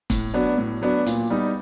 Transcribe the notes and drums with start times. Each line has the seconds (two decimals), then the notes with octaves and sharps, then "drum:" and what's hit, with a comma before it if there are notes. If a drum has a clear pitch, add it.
0.10 A2, drum: kick, hi-hat
0.34 F#3 B3 D4
0.58 A2
0.82 F#3 B3 D4
1.06 A#2, drum: hi-hat
1.30 G3 B3 D#4